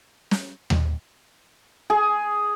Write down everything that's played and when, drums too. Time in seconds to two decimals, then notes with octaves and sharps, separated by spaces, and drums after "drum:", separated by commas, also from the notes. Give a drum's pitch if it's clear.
0.31 drum: snare
0.70 drum: tom D#2
1.90 G#4